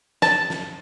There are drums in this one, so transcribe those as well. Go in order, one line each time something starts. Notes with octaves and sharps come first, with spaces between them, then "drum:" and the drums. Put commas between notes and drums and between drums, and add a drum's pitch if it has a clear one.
A5, drum: snare
drum: snare